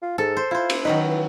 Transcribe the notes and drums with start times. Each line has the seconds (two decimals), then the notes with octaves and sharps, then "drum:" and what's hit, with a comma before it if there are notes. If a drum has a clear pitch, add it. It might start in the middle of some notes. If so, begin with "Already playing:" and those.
0.02 F4
0.18 G#2 A4
0.37 C5
0.51 E4 F4 C5
0.70 drum: cymbal
0.85 D#3 F#3 D#4 B4
1.08 E3